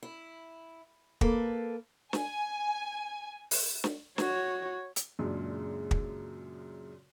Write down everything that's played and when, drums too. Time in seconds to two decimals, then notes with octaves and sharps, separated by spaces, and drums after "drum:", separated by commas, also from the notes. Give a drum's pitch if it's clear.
0.03 E4
1.21 A#3 A4 B4, drum: kick
2.13 G#5, drum: snare
3.51 drum: open hi-hat
3.84 drum: snare
4.18 F#4 C#5, drum: snare
4.96 drum: hi-hat
5.19 F#2 A#2 C#3 G#3 D4
5.91 drum: kick